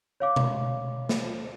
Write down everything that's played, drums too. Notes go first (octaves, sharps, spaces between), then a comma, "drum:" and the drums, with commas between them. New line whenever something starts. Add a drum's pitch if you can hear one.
C#5 F5 D6
drum: tom B2
drum: snare